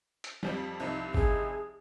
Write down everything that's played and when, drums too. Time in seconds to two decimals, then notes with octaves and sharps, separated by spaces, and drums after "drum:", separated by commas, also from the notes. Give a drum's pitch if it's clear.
0.24 drum: hi-hat
0.43 F2 F3 G3, drum: snare
0.80 C2 F3 D#4
1.15 G#4, drum: kick G1